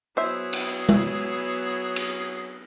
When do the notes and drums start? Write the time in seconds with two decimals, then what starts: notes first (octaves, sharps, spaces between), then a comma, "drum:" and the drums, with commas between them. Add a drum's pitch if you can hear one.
0.17 F#3 B3 E4 G#4 C5 E5
0.53 drum: cymbal
0.89 drum: tom G#3
1.96 drum: cymbal